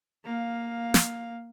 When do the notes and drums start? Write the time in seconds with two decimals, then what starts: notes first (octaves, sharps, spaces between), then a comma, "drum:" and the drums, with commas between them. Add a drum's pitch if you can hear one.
0.24 A#3 F5
0.94 drum: snare